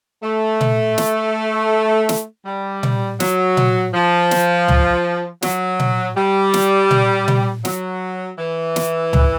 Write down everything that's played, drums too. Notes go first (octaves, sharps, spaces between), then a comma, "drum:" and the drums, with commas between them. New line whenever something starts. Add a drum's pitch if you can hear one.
A3
drum: tom A#2
drum: snare
drum: snare
G3
drum: tom A#2
F#3, drum: snare
drum: tom A#2
F3
drum: snare
drum: tom C#2
F#3, drum: snare
drum: tom A#2
G3
drum: snare
drum: tom A#2
drum: tom A#2
F#3, drum: snare
E3
drum: snare
drum: tom C#2